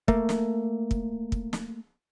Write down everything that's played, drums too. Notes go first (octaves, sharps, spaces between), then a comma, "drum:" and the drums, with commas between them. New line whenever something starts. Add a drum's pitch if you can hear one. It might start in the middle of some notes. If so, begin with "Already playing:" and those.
A3 A#3, drum: kick
drum: snare
drum: kick
drum: kick
drum: snare